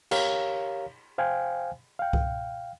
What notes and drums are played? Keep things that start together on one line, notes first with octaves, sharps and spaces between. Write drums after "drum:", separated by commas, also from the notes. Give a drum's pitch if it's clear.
G4 A#4 C#5 F5 A#5, drum: cymbal
C5 F5 G5 G#5
F5 G5
drum: kick C2